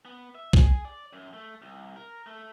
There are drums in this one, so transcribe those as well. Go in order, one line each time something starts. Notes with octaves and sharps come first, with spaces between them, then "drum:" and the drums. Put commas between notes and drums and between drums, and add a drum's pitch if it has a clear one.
B3
E5
G#4, drum: kick B1
D5
F#2
A3
C2
A#4
A3